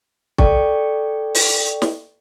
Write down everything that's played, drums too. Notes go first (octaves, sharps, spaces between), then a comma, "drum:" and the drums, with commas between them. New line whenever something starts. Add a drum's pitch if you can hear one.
A4 D5 G5 C#6, drum: kick
drum: open hi-hat
drum: snare